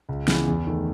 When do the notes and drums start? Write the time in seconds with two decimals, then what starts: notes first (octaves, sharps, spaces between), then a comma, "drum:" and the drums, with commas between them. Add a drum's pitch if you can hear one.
0.09 C#2
0.28 C#3 E3 B3, drum: snare
0.48 E2
0.67 D#3 A3